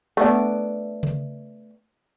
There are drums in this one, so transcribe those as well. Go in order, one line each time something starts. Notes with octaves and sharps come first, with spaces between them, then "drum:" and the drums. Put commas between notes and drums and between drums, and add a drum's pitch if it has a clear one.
A3 B3 D4
drum: tom C#3